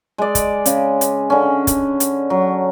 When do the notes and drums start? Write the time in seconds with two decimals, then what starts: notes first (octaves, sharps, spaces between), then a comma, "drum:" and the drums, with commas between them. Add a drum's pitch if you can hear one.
0.18 G#3 D5
0.35 drum: kick, hi-hat
0.66 C#3, drum: hi-hat
1.01 drum: hi-hat
1.30 D3 C#4
1.67 drum: kick, hi-hat
2.00 drum: hi-hat
2.30 F#3